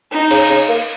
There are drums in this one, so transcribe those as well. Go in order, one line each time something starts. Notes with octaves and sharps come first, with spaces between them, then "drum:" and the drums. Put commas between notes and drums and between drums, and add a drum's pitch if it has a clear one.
D#4
C#3, drum: cymbal
C#3
A#3